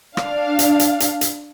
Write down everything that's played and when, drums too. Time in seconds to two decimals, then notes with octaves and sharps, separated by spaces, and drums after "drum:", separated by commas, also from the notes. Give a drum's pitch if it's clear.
0.17 D4 F5, drum: rim click
0.59 drum: hi-hat
0.79 drum: hi-hat
1.00 drum: hi-hat
1.21 drum: hi-hat